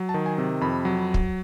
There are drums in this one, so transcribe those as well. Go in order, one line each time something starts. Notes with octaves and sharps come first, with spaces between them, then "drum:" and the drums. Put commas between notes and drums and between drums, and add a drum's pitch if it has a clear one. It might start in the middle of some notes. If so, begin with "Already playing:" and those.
Already playing: F#3
A5
D#3
G#5
C3
F2 B5
F#3
drum: kick